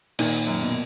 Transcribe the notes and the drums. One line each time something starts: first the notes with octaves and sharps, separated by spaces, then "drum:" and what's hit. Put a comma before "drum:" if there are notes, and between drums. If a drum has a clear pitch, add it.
A#2 D#3, drum: cymbal
F#2
B2